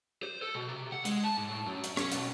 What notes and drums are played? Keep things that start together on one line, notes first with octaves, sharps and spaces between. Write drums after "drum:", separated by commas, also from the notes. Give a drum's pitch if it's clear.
C5
A4
B2
C3
F#5
G#3, drum: hi-hat
A5
G#2
A2
F#2
drum: hi-hat
C#4, drum: rim click
B1, drum: hi-hat